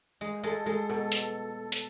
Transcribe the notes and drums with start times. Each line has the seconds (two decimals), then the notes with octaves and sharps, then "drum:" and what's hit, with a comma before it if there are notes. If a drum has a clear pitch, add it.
0.21 G#3
0.43 G#3 A4
0.66 G#3 A4
0.89 B2 A4
1.12 drum: hi-hat
1.72 drum: hi-hat